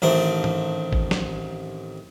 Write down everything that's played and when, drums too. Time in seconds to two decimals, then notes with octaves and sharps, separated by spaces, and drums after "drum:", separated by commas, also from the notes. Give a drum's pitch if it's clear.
0.02 A1 D#3 A3 C4
0.44 drum: tom G#2
0.93 drum: kick G#1
1.11 drum: snare